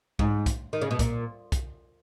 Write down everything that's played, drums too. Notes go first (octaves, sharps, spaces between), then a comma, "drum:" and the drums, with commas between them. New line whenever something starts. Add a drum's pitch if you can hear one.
G#2, drum: kick B1
drum: kick B1, hi-hat
D#3
C#3
B2
A#2, drum: kick B1, hi-hat
drum: kick B1, hi-hat